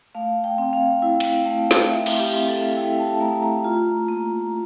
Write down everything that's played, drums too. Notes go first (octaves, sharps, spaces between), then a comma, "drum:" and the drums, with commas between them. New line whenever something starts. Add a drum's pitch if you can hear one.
A3 F5
G5
C4
F5
E4
drum: cymbal
A3
drum: snare
A3 E5
drum: cymbal
G4
C4
A4
E4 G5
A5
A3 A#5
A#5
F4
A#3